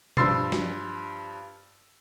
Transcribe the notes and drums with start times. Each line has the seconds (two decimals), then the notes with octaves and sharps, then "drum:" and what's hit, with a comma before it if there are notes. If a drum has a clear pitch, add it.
0.17 G2 F3 C6 E6 A6 C7, drum: tom B2
0.52 drum: snare